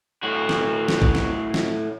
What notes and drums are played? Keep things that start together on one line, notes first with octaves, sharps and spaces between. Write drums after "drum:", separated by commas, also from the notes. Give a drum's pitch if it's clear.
A2 F#4
drum: snare
drum: snare
drum: kick A1
drum: snare
drum: snare